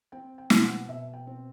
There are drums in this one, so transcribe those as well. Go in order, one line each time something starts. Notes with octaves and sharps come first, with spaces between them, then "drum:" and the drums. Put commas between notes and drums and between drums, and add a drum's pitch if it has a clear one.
C4 G5
G5
B2, drum: snare
F#5
B2 E5
G5
C4